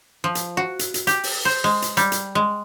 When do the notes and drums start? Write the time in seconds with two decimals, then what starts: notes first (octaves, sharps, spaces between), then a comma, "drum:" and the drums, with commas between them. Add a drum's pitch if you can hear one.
0.24 F3
0.35 drum: hi-hat
0.57 F#4
0.79 drum: hi-hat
0.94 drum: hi-hat
1.07 G4, drum: hi-hat
1.23 drum: open hi-hat
1.45 C5
1.64 G#3
1.82 drum: hi-hat
1.97 G3, drum: hi-hat
2.12 drum: hi-hat
2.35 G#3